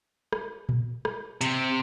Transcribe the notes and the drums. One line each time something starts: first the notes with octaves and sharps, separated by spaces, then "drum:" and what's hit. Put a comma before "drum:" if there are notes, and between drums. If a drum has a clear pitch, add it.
drum: rim click
drum: tom A#2
drum: rim click
C3, drum: hi-hat